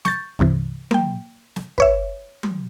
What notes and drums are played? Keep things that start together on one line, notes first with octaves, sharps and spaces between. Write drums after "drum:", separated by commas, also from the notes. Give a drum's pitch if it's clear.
C#6 G6 A6, drum: snare
C2 G2 C3 E3
A#3 G5, drum: tom F#3
drum: snare
B4 C#5 E5, drum: kick
drum: tom F#3